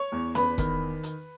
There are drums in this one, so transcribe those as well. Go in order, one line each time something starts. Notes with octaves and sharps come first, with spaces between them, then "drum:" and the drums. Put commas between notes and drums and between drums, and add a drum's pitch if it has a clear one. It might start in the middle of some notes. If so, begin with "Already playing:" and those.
Already playing: C#5 C#6
E2
E2 B4 B5, drum: snare C#4
D#3, drum: kick E1, hi-hat
drum: hi-hat